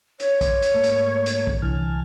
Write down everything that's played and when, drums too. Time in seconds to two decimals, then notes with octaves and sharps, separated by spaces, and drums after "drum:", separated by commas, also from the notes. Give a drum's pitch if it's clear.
0.20 C#5, drum: hi-hat
0.41 drum: kick, hi-hat
0.62 drum: hi-hat
0.74 G#2 A3 A#3
0.83 drum: hi-hat
1.26 drum: hi-hat
1.47 drum: kick
1.62 C2 D3 E3 G#5 A5 F6